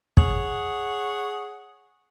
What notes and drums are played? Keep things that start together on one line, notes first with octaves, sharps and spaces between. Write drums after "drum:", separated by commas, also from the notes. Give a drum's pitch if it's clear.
G#4 C#5 F#5, drum: kick